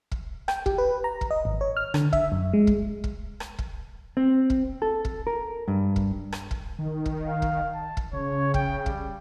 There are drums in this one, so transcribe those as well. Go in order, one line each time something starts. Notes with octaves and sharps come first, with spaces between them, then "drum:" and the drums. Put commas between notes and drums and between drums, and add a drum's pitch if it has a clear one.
drum: kick
G5, drum: rim click
G4, drum: kick
B4
A#5
drum: kick
D#5
G#1
C#5
F6
D3, drum: rim click
E5, drum: kick
F#2
G#3
drum: kick
drum: kick
drum: rim click
drum: kick
C4
drum: kick
A4
drum: kick
A#4
G2
drum: kick
drum: rim click
drum: kick
D#3
drum: kick
F5
drum: kick
A5
drum: kick
C#3 C#5
G5, drum: kick
G3, drum: kick